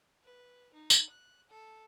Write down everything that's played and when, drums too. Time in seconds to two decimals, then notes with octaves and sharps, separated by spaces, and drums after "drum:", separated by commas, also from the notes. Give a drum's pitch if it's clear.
0.24 B4
0.74 D#4
0.90 drum: tambourine
1.09 F#6
1.49 A4